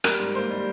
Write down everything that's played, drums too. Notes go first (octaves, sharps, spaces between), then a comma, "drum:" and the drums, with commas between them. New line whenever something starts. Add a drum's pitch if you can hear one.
G3 A#4, drum: rim click
G#2
A#3 C5
G3